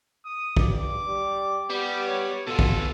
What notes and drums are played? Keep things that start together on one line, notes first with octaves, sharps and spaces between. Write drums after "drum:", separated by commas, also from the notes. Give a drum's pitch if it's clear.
D#6
G2 D6, drum: kick
G3
G3 B3 G4
C#5
B2 B3 F4 A4
drum: kick